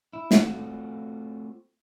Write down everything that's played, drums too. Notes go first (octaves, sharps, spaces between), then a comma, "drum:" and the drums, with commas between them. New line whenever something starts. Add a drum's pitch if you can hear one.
E4
A3 C4 F4 F#4, drum: snare